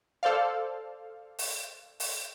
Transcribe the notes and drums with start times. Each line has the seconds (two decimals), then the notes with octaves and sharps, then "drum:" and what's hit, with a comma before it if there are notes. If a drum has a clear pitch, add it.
0.23 A4 C5 D5 F5
1.39 drum: open hi-hat
2.00 drum: open hi-hat